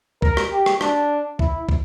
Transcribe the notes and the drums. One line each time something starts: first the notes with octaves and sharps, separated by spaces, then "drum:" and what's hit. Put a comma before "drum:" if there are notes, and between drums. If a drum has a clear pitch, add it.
A#4, drum: kick
drum: rim click
G4
drum: rim click
D4, drum: rim click
E4, drum: kick
drum: kick